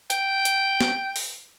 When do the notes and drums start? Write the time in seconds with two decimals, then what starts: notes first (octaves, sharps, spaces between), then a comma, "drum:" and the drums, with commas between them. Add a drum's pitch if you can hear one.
0.10 G5, drum: hi-hat
0.45 drum: hi-hat
0.81 drum: snare
1.16 drum: open hi-hat